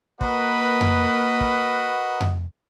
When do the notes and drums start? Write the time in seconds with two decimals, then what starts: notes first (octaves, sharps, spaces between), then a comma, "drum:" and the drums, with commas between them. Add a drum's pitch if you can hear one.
0.21 A#3 F#4 A#4 B4 D#5, drum: kick
0.81 drum: tom F2
1.41 drum: kick
2.20 drum: tom F2